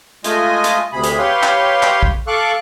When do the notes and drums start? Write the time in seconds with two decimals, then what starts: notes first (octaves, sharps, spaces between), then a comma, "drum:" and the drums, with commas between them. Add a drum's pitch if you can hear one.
0.24 G#3 A3 F4 D#5 G#5, drum: hi-hat
0.64 drum: hi-hat
0.92 D2 C3 G#4 B5
1.04 drum: hi-hat
1.19 G4 B4 C#5 F5 C6
1.43 drum: clap
1.83 drum: clap
2.03 drum: kick
2.27 A4 F5 C#6 D6 F#6